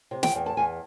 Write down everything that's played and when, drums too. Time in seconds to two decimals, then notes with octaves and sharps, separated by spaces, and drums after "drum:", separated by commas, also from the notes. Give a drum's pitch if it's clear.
0.11 C3
0.23 G5, drum: snare
0.35 E2
0.46 A5
0.57 E2 G#5